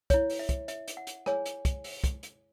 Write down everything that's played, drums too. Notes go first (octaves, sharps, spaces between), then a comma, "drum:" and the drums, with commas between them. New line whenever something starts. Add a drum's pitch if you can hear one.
E4 C#5, drum: kick, hi-hat
drum: open hi-hat
E5
drum: kick, hi-hat
E5, drum: hi-hat
drum: hi-hat
F#5
drum: hi-hat
E4 G#4 C#5 G#5, drum: rim click
drum: hi-hat
drum: kick, hi-hat
drum: open hi-hat
drum: kick, hi-hat
drum: hi-hat